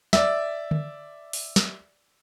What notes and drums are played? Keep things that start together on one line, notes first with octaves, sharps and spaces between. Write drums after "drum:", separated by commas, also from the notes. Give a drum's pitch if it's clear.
D5 E5, drum: snare
drum: tom D3
drum: open hi-hat
drum: snare